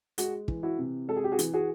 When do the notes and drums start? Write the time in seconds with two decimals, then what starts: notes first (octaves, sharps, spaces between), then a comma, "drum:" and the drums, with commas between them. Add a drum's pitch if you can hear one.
0.18 G#3 F#4 G#4, drum: hi-hat
0.48 E3, drum: kick
0.63 E4 F#4
0.79 C3
1.08 G#3 A4
1.16 G#4
1.24 G4
1.32 F#4 G#4
1.39 E3, drum: hi-hat
1.54 F#4 G#4